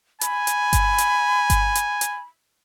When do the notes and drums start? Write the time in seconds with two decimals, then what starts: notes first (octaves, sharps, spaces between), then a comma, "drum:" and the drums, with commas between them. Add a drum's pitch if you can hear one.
0.21 G#5 B5, drum: hi-hat
0.47 drum: hi-hat
0.73 drum: kick G1, hi-hat
0.98 drum: hi-hat
1.50 drum: kick G1, hi-hat
1.75 drum: hi-hat
2.01 drum: hi-hat